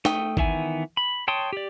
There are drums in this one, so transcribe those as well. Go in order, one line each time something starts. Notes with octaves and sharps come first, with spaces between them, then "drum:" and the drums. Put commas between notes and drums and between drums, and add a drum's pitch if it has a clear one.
A3 G5 D#6, drum: snare
D#3 E3 B3 E5 G#5, drum: kick G#1
B5
C#5 G5 A5 C6 D#6
G4 D5